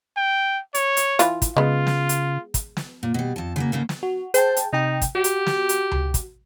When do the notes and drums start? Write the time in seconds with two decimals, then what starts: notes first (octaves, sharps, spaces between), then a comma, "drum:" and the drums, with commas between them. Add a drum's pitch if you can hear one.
0.17 G5
0.75 C#5, drum: hi-hat
0.97 drum: hi-hat
1.19 E3 F4, drum: hi-hat
1.42 drum: kick, hi-hat
1.57 C#3 G#3 B3 F4
1.87 drum: snare
2.09 drum: hi-hat
2.54 drum: kick, hi-hat
2.77 drum: snare
3.03 A#2
3.14 B2 G3
3.36 F2 A5
3.56 C#3 F#3 A#3
3.72 G#2 C#3 A3 A#3
3.89 drum: snare
4.03 F#4
4.34 G#4 C5 G5 A5, drum: hi-hat
4.57 drum: hi-hat
4.73 C3 D#4 G5
5.02 drum: kick, hi-hat
5.15 F#4 G4
5.24 drum: hi-hat
5.47 drum: snare
5.69 drum: hi-hat
5.91 drum: tom C#2
6.14 drum: kick, hi-hat